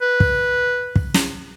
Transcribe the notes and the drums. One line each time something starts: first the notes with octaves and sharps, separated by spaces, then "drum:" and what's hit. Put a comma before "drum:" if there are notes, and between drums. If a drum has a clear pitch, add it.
B4
drum: kick
drum: kick
drum: snare